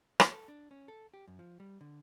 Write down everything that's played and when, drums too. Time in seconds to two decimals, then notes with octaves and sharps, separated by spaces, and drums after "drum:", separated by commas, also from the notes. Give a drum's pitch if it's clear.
0.20 A#3, drum: rim click
0.32 A4
0.48 D4
0.71 C#4
0.88 A4
1.14 G4
1.28 F#2
1.39 F3
1.60 G3
1.81 D3